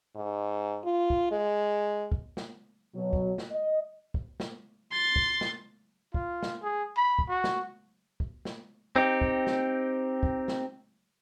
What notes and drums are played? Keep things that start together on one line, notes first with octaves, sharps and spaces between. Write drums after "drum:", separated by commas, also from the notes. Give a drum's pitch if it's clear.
G#2
F4
drum: kick
G#3
drum: kick
drum: snare
B2 F#3
drum: kick
drum: snare
D#5
drum: kick
drum: snare
C6 A6
drum: kick
drum: snare
F4, drum: kick
drum: snare
G#4
B5
drum: kick
F#4
drum: snare
drum: kick
drum: snare
C4 D#4 G4
drum: kick
drum: snare
drum: kick
drum: snare